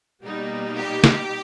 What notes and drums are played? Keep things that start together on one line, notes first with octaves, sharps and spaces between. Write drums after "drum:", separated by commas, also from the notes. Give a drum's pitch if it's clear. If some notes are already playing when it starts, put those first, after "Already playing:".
B2 G3 A#3 D#4
G4
drum: snare